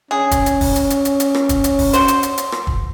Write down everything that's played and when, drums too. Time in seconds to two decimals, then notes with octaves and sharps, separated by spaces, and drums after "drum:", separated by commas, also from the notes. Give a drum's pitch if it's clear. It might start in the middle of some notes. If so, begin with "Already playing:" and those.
0.11 C#4 G#4
0.31 drum: kick, hi-hat
0.46 drum: hi-hat
0.61 drum: kick, open hi-hat
0.76 drum: hi-hat
0.90 drum: hi-hat
1.05 drum: hi-hat
1.20 drum: hi-hat
1.34 drum: rim click
1.49 drum: kick, hi-hat
1.64 drum: hi-hat
1.79 drum: kick, open hi-hat
1.93 F#4 C5, drum: hi-hat
2.08 drum: hi-hat
2.23 drum: hi-hat
2.38 drum: hi-hat
2.52 drum: rim click
2.67 drum: kick